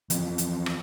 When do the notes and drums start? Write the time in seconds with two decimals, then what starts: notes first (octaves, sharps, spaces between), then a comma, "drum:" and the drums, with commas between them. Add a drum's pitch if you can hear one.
0.10 E3 F3 C4, drum: hi-hat
0.38 drum: hi-hat
0.66 drum: rim click